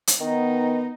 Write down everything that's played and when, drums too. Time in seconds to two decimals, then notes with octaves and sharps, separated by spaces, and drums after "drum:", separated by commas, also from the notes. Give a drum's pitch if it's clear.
0.07 drum: hi-hat
0.20 D#3 B3 D#4